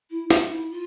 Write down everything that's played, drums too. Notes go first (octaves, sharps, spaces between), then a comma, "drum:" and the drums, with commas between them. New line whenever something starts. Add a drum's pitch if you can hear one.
E4
D4, drum: snare
E4
F4